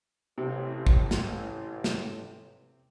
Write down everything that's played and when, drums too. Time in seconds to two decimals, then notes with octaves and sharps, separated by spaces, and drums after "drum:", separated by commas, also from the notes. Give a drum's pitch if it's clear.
0.38 A1 C3
0.87 drum: kick
1.11 drum: snare
1.84 drum: snare